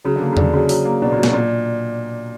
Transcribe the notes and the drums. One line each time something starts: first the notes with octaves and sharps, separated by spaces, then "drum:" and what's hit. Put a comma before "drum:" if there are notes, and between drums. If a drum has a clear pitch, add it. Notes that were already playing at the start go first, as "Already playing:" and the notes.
C#3 F#3
D3
A#3
C#3
D3 D4, drum: tom E2
C#3 F#3
F#3, drum: open hi-hat
A#3
B2 D4
A#2
F#3
B2, drum: snare
A#2 D4